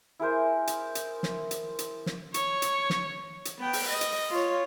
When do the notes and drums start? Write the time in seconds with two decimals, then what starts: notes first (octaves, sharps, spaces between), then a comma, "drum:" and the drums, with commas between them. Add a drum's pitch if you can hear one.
0.20 E4 G#4 A#4 C5
0.67 drum: hi-hat
0.95 drum: hi-hat
1.23 drum: snare
1.51 drum: hi-hat
1.79 drum: hi-hat
2.06 drum: snare
2.34 C#5 C#6, drum: hi-hat
2.62 drum: hi-hat
2.90 drum: snare
3.45 drum: hi-hat
3.59 B3 G5
3.73 drum: open hi-hat
3.89 D#5
4.01 drum: hi-hat
4.30 F4 C#5